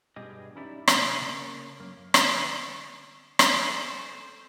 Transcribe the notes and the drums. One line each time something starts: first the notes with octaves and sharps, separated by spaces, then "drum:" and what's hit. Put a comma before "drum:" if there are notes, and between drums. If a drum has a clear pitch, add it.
G2 B2 G4 G#4 D#5
C#4 D#4 E4 G4 D5 E5
C3 A#3, drum: rim click
C#3 A#3 A#4 A5
F#2 A#3
D3 E7, drum: rim click
drum: rim click
A4 C5 G#5 C6